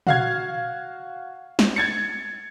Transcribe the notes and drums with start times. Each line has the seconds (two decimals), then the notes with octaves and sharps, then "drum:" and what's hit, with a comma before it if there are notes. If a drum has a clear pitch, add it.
0.07 F#4 F5 G#6, drum: tom
1.59 drum: snare
1.76 G#6 A6 C#7